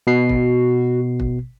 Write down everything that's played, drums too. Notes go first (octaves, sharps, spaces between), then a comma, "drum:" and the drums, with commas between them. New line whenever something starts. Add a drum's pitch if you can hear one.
B2 F#4 C7
drum: kick
drum: kick